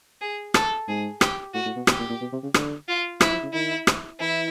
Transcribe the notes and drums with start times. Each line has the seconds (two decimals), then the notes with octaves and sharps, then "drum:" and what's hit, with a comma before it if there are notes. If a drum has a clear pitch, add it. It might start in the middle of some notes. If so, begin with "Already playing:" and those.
0.21 G#4
0.54 A4, drum: rim click
0.88 G#2 G#4
1.21 G4, drum: rim click
1.54 A2 F#4
1.66 A2
1.76 B2
1.87 B2 G4, drum: rim click
1.99 A#2
2.10 A#2
2.21 B2
2.32 C3
2.43 C#3
2.54 D3, drum: rim click
2.88 F4
3.21 F3 E4, drum: rim click
3.32 F3
3.43 C#3
3.53 D#3 E4
3.87 drum: rim click
4.20 E3 E4